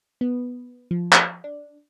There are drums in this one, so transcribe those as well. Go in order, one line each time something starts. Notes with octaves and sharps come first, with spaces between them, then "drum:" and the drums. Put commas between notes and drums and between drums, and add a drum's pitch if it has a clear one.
B3
F3
drum: clap
D4